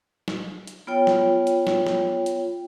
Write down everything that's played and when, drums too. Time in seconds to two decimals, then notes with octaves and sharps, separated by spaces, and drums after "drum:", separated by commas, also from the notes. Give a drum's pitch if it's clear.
0.28 drum: snare
0.67 drum: hi-hat
0.87 B3 F4 C#5 G5
1.07 drum: snare
1.47 drum: hi-hat
1.67 drum: snare
1.87 drum: snare
2.26 drum: hi-hat